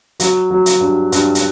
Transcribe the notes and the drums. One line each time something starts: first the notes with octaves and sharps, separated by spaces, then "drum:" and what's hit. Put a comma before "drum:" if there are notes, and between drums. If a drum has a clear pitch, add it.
F#3, drum: hi-hat
F#3
drum: hi-hat
G2
G2, drum: hi-hat
drum: hi-hat